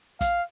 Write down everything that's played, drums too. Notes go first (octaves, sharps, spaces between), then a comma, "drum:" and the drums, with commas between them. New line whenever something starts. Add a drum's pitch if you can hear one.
F5, drum: kick, hi-hat